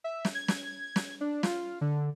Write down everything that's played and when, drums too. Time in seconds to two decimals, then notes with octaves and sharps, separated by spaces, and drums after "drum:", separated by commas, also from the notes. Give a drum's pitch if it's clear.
0.04 E5
0.25 drum: snare
0.35 G#6
0.48 drum: snare
0.96 drum: snare
1.21 D4
1.43 F4, drum: snare
1.81 D3